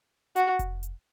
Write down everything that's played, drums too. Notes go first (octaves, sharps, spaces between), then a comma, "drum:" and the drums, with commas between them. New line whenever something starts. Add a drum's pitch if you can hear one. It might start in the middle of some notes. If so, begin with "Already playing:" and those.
F#4, drum: hi-hat
drum: kick F1, hi-hat
drum: hi-hat